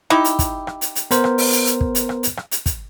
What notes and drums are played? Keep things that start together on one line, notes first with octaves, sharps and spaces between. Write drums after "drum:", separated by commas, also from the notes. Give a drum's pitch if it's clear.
D#4 E4 G4, drum: rim click
drum: hi-hat
drum: kick, hi-hat
drum: rim click
drum: hi-hat
drum: hi-hat
B3 A#4 C5, drum: hi-hat
drum: rim click
drum: open hi-hat
drum: hi-hat
drum: hi-hat
drum: kick
drum: hi-hat
drum: rim click
drum: hi-hat
drum: rim click
drum: hi-hat
drum: kick, hi-hat